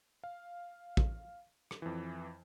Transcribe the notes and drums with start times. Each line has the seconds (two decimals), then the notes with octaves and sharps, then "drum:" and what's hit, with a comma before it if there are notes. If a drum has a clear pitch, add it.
0.24 F5
0.97 drum: kick
1.71 drum: rim click
1.82 F2 E3